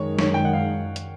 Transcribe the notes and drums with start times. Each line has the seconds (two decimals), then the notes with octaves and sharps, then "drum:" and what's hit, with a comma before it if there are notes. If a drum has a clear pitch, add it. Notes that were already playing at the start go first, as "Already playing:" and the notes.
Already playing: F#2 D#3 G#3 C#5
0.19 C#5, drum: snare
0.34 G5
0.45 F#5
0.53 F5
0.96 drum: hi-hat